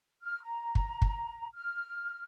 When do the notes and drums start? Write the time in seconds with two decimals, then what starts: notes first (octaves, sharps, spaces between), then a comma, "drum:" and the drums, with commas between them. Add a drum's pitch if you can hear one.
0.22 F6
0.42 A#5
0.75 drum: kick
1.02 drum: kick
1.54 F6